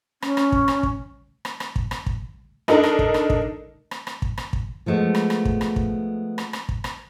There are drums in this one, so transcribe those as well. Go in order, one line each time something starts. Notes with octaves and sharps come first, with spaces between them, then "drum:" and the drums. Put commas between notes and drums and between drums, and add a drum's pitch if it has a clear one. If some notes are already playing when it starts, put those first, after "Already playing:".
C#4, drum: rim click
drum: rim click
drum: kick
drum: rim click
drum: kick
drum: rim click
drum: rim click
drum: kick
drum: rim click
drum: kick
D4 D#4 A4 A#4 D#5, drum: rim click
drum: rim click
drum: kick
drum: rim click
drum: kick
drum: rim click
drum: rim click
drum: kick
drum: rim click
drum: kick
F3 G#3 A3 B3
drum: rim click
drum: rim click
drum: kick
drum: rim click
drum: kick
drum: rim click
drum: rim click
drum: kick
drum: rim click